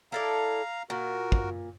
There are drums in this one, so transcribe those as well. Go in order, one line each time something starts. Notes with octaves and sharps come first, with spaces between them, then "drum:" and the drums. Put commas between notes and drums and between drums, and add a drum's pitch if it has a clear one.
E4 A4 D5 F5 A#5
A#2 F#4 A#4
drum: kick